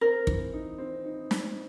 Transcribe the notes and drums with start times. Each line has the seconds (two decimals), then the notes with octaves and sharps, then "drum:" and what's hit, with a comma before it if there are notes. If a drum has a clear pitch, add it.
0.01 C4 A#4
0.27 E3, drum: kick
0.53 D#4
0.78 C4
1.05 D#4
1.31 D#4, drum: snare